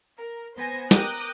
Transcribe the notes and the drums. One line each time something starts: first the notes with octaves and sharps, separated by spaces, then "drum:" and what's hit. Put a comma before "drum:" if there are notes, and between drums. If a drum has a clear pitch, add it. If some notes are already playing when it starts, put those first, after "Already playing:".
A#4
B3 C5 G#5 A#6
A#4 G5 A#5 D6 D#6 F#6, drum: snare